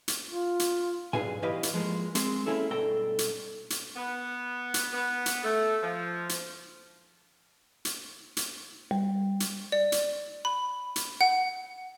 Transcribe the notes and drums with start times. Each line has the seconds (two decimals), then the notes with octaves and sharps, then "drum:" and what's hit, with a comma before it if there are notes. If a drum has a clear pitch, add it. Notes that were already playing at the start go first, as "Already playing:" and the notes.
0.08 drum: hi-hat
0.29 F4
0.59 drum: hi-hat
1.13 B1 G2 G#4 B4 F5 G#5, drum: tom G#2
1.42 E2 E4 G4 B4 D#5 F5
1.63 drum: hi-hat
1.73 F3 G#3 A#3
2.15 G#3 C4 G#4, drum: hi-hat
2.46 A#3 C4 C#4 E4 G#4 A4
2.71 G2 B2 A4 G5 A#5
3.19 drum: hi-hat
3.70 drum: hi-hat
3.96 B3
4.74 drum: hi-hat
4.93 B3
5.26 drum: hi-hat
5.44 A3
5.83 F3
6.29 drum: hi-hat
7.85 drum: hi-hat
8.37 drum: hi-hat
8.91 G3
9.40 drum: hi-hat
9.72 D5
9.92 drum: hi-hat
10.45 B5
10.96 drum: hi-hat
11.21 F#5